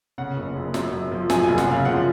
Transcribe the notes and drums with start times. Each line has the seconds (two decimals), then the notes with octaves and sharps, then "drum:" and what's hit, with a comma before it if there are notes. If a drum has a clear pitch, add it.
0.18 C#3 F#5
0.37 F#1
0.55 F#1
0.74 F#2, drum: snare
0.92 F#2
1.11 F3
1.30 F#2 G#5, drum: snare
1.44 F#1 G#5
1.58 F#5, drum: snare
1.67 C#3 F5
1.85 F3 F#5